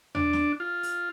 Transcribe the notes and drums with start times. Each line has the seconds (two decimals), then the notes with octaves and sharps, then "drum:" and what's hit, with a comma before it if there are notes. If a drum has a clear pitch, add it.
0.15 D4, drum: tom E2
0.33 drum: snare
0.60 F4
0.83 drum: open hi-hat